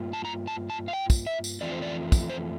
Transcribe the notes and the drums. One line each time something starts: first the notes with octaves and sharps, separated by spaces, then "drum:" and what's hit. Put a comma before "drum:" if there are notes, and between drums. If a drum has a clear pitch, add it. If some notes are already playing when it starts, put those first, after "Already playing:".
Already playing: G2 A#3 F4
A5
A#5
A5
A5
F5
G5
drum: kick, tambourine
E5
drum: tambourine
F2 E3 A3 C4 F4 D5
C5
D5
drum: kick, tambourine
C5